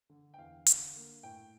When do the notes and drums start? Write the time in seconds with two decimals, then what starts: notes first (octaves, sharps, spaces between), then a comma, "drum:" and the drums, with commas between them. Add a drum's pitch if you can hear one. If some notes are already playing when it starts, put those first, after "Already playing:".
0.10 D3
0.34 G5
0.38 E2 F5
0.66 D3, drum: hi-hat
0.96 A#3
1.23 A2 G5